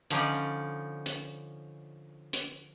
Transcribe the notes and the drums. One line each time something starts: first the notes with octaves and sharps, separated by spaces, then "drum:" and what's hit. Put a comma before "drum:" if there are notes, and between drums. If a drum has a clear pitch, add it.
D3 F3 C#4 D#4 D5 D#5, drum: hi-hat
drum: hi-hat
drum: hi-hat